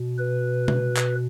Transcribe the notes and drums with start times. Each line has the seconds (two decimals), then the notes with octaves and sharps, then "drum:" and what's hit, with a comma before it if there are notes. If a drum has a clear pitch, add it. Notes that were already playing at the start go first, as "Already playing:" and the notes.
Already playing: B2
0.19 B4
0.68 drum: tom C3
0.97 drum: clap